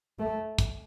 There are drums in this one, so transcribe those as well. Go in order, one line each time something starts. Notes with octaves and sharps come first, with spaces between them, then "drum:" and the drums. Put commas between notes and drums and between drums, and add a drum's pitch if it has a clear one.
A3
drum: kick, hi-hat